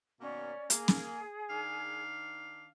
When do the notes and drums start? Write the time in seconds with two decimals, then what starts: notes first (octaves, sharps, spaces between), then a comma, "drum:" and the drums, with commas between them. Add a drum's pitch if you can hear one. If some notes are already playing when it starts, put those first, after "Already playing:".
0.21 B2 D#3 A#3 C#4 D5
0.70 A#3 G#4, drum: hi-hat
0.88 drum: snare
1.49 D#3 D4 F5